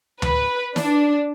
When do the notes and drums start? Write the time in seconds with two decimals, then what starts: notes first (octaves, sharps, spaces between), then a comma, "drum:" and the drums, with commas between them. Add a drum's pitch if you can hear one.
0.22 B4, drum: tom D2
0.76 D4, drum: snare